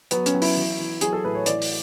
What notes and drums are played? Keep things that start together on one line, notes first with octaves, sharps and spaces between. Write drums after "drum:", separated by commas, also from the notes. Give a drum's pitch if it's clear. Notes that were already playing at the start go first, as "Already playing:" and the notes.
F#3 B3, drum: hi-hat
C#4, drum: hi-hat
F#3
E4, drum: open hi-hat
E3
E3
F#3 G#4, drum: hi-hat
A4
A2 B4
C#5
E3 D5, drum: hi-hat
drum: open hi-hat